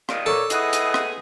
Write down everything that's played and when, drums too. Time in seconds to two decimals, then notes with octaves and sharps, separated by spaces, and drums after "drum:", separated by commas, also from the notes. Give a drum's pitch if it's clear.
0.09 G2 A#2 D#3, drum: rim click
0.26 A4 A#4 C#5 D5
0.50 A2 B3 E4 G#4 D#5 F#5, drum: hi-hat
0.73 drum: hi-hat
0.94 drum: rim click